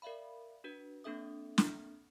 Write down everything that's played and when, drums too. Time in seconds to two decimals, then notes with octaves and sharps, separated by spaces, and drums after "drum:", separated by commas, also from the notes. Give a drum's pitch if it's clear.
0.02 A#4 D5 E5 F5 B5
0.64 D4 F#4 B4
1.04 A#3 C4 D4 A4 E5 D#6
1.58 drum: snare